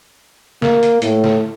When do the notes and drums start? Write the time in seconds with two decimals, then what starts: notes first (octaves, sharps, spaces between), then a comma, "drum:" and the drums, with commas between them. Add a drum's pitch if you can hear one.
0.62 A#3, drum: snare
0.83 drum: hi-hat
1.02 A2, drum: hi-hat
1.24 drum: snare